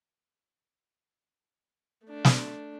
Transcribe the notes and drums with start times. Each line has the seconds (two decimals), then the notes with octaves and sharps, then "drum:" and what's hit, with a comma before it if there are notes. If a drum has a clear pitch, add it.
2.05 A3 D4
2.25 drum: snare